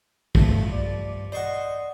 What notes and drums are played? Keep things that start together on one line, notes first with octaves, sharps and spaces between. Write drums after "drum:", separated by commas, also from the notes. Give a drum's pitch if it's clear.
G2 F3 A3, drum: kick
D5
C5 D5 D#5 F#5 C#6